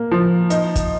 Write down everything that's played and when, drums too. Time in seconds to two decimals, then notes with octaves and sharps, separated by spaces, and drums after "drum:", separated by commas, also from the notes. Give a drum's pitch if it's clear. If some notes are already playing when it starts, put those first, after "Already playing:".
Already playing: A#3
0.11 F3
0.50 D#4, drum: hi-hat
0.76 drum: kick, hi-hat